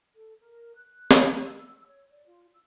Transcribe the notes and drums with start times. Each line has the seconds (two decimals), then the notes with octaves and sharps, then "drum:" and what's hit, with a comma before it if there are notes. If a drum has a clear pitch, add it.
0.15 A4
0.40 A#4
0.75 F#6
1.11 drum: snare
1.42 E6
1.86 C#5
2.11 D5
2.26 F4
2.53 E6